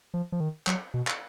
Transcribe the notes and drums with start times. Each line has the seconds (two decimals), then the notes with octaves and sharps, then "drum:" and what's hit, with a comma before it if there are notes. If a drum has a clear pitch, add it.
0.14 F3
0.32 F3
0.40 D#3
0.67 F#3, drum: clap
0.94 B2
1.07 drum: clap